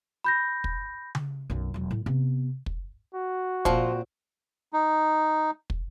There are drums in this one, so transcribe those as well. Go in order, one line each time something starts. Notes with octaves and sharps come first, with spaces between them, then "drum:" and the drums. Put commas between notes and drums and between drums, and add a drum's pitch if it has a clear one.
B5 G6 A#6
drum: kick
drum: tom C#3
B1 F#2
E1 F#3
A2
C3 B3
drum: kick
F#4
A#2 F3 C4, drum: kick
D#4
drum: kick